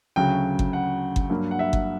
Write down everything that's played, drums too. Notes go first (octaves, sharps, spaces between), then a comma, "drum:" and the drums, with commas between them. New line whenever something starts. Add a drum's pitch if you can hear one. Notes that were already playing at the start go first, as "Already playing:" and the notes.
D2 C#3 F#3 G5
drum: kick G1
F#5
drum: kick G1
G2 F#3 A#3
F#5
E5
drum: kick G1